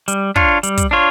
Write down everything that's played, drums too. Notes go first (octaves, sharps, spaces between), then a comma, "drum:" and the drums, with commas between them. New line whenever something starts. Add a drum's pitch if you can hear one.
G3, drum: hi-hat
D4 F4 C#5, drum: kick
G3, drum: hi-hat
drum: kick, hi-hat
D4 F4 C#5